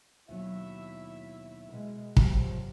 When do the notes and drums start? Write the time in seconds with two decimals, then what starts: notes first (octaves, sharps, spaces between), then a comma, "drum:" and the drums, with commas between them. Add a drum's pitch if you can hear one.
0.29 D#2 B2 F#3 E4 E5
1.69 B2 G#3 A#4
2.17 F#2 F3 F#3 F#4 G4, drum: kick